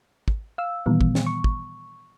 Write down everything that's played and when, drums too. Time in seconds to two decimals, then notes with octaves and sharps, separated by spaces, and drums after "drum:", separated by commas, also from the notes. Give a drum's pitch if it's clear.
0.28 drum: kick
0.58 F5 E6
0.86 A#2 D#3 E3 G3 B3
1.01 drum: kick
1.15 drum: snare
1.27 C#6
1.44 drum: kick